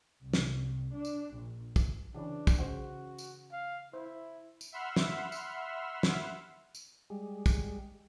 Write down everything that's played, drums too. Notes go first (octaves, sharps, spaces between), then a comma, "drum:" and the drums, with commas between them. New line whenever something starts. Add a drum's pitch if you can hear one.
C2
drum: snare
D4
drum: tambourine
A#1
drum: kick, tambourine
C#3 E3 D4 C#5
drum: kick, tambourine
C#3 F#4 C5
drum: tambourine
F5
E4 C5
drum: tambourine
E5 F#5 B5 C6 E6 F6
drum: snare
drum: tambourine
drum: snare
drum: tambourine
G3 G#3
drum: kick, tambourine